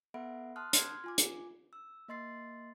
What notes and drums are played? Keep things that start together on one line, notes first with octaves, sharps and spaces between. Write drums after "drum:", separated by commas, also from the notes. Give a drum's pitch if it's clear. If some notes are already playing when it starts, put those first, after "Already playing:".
B3 A4 E5 F#5 B5 D7
A5 C6 D#6 F6 F#6
C6 F6 G#6, drum: hi-hat
F4 G#5 D6
drum: hi-hat
E6
A#3 D#5 C6 A6 C7